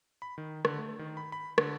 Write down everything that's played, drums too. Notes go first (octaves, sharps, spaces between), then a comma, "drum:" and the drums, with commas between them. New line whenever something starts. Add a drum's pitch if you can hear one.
B5
D#3
D3, drum: rim click
A3
D#3
B5
B5
D3, drum: rim click